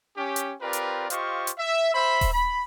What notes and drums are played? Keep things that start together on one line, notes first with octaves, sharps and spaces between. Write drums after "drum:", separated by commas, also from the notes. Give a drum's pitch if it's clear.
C#4 G4
drum: hi-hat
C4 F4 G4 A#4 B4 D5
drum: hi-hat
F4 G4 C5 D#5 F5 C#6, drum: hi-hat
drum: hi-hat
E5
C5 E5 B5
drum: kick D#1, open hi-hat
B5